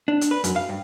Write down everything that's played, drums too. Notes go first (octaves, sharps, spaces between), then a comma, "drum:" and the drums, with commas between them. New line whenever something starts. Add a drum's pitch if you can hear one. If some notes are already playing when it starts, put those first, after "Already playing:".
D4
drum: hi-hat
B4
F#2, drum: hi-hat
F5
G2